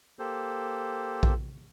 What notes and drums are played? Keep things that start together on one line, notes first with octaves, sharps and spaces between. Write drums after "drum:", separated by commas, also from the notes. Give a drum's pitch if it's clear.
A#3 G4 A4 C5
drum: kick A#1